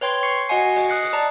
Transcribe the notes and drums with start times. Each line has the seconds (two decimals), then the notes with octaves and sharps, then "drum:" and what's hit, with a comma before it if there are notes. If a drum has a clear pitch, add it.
0.01 B4 C#5 G5 C6 G#6
0.23 C#6 C7 C#7
0.49 F#4 D#5 F#5 G#5 C7
0.76 D#5, drum: hi-hat
0.88 D#6 F#6 C7 C#7, drum: hi-hat
1.03 drum: hi-hat
1.13 D5 A5 A#5